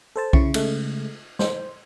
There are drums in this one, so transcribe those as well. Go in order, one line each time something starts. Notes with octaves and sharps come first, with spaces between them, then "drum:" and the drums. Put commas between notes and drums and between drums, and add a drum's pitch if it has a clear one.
A4 C5 A5
C#3 E4 C#6, drum: kick B1
C#3 G#3 A3, drum: cymbal
C5, drum: snare